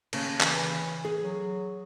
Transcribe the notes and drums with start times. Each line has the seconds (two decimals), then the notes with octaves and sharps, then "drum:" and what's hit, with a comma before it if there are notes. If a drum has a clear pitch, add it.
0.13 D#2 C#3 A5, drum: cymbal
0.41 E3, drum: clap
1.05 G#4
1.22 F#3